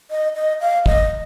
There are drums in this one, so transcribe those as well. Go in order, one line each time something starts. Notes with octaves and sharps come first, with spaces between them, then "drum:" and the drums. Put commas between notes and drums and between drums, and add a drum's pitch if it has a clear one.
D#5
D#5
F5
D#5, drum: kick